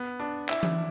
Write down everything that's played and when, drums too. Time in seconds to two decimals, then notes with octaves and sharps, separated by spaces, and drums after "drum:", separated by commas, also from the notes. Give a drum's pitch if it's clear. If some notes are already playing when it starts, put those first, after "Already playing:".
Already playing: B3
0.20 D4
0.49 E4, drum: clap
0.63 drum: tom E3